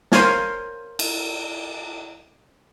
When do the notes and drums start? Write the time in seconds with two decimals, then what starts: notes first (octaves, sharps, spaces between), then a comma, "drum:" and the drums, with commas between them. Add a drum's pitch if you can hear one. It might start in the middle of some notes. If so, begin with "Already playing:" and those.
0.12 A#4 C5 C#5 F5 G#5 A5, drum: snare
0.99 drum: cymbal